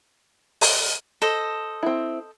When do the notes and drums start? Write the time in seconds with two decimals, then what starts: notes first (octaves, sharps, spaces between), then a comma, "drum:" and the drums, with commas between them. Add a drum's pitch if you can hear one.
0.61 drum: open hi-hat
1.22 A4 C5 D#5
1.83 C4 E4